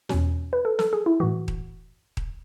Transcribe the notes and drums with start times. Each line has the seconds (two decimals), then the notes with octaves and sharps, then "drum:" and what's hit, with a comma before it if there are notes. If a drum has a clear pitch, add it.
0.09 E2 B2 C#4, drum: snare
0.53 B4
0.65 A4
0.79 A4, drum: snare
0.93 G#4
1.06 E4
1.20 A2 E3 F#4
1.48 drum: kick D#1
2.17 drum: kick D#1